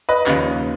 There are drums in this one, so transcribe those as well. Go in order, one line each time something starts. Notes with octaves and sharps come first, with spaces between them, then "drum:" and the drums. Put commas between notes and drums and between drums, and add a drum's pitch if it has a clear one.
B4 D#5
D#2 C#3 F3, drum: clap